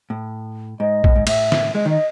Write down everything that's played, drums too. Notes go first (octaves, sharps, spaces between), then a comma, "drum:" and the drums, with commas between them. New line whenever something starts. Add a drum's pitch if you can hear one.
A2
G#2 D#5
A2, drum: kick
G#2
A2 E5, drum: cymbal
drum: snare
G#3 D#5
D#3 D#5